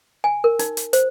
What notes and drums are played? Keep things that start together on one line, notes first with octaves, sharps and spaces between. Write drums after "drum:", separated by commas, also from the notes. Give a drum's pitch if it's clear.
G#5
A#4
D#4, drum: hi-hat
drum: hi-hat
C5, drum: hi-hat